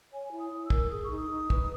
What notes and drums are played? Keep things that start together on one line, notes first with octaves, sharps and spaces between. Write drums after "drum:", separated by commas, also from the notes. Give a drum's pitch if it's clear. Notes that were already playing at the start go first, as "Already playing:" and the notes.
C#5 G#5
E4
D#6
E4
E6
A#4, drum: kick
G#4 D#6
C#6
D#4
D#6
D#4
B4, drum: kick